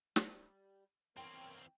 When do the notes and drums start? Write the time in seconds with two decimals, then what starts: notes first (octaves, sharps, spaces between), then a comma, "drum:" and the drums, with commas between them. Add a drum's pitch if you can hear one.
0.16 G3, drum: snare
1.17 E3 B3 C4 A#4 C#5 G5 C6